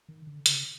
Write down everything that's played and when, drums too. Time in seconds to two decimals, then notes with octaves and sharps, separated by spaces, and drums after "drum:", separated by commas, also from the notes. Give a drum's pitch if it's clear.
0.09 D#3
0.27 D3
0.46 C#3, drum: hi-hat